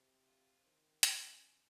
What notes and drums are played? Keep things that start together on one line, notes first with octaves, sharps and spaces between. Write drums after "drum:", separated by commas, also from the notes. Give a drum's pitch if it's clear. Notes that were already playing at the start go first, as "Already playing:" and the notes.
Already playing: C3
F4
D#3 C4
C#4, drum: hi-hat